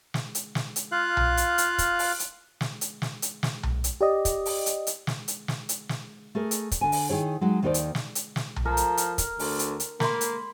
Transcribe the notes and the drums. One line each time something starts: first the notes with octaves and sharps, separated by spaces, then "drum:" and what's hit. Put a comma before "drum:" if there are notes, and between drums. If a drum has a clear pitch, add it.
drum: snare
drum: hi-hat
drum: snare
drum: hi-hat
F4 F5 F#6
drum: tom B1
drum: hi-hat
drum: hi-hat
drum: kick, hi-hat
drum: open hi-hat
drum: hi-hat
drum: snare
drum: hi-hat
drum: snare
drum: hi-hat
drum: snare
drum: tom B1
drum: hi-hat
G4 D5 D#5
drum: kick, hi-hat
drum: open hi-hat
drum: hi-hat
drum: hi-hat
drum: snare
drum: hi-hat
drum: snare
drum: hi-hat
drum: snare
A3 G#4 A#4
drum: hi-hat
drum: kick, hi-hat
D3 G#5
drum: open hi-hat
D#3 E4 G#4 C#5
F#3 G#3 D#4
D#2 D#3 D#4 A#4 C5 D5
drum: hi-hat
drum: snare
drum: hi-hat
drum: snare
drum: tom B1
F3 A#4
drum: hi-hat
drum: hi-hat
drum: kick, hi-hat
D2, drum: open hi-hat
drum: hi-hat
drum: hi-hat
A#3 B5 C6, drum: snare
drum: hi-hat